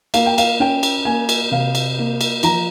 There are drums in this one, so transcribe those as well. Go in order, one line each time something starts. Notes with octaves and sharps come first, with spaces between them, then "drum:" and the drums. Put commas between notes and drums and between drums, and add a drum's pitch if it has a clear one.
A#3 F5, drum: cymbal
G5
F5, drum: cymbal
C#4 G5
drum: cymbal
A#3 G#5
drum: cymbal
C3 F5
drum: cymbal
A#3
drum: cymbal
F3 A#5, drum: cymbal